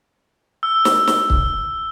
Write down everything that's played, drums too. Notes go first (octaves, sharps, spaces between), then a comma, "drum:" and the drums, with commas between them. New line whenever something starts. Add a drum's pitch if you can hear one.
E6
drum: snare
drum: snare
drum: kick C#1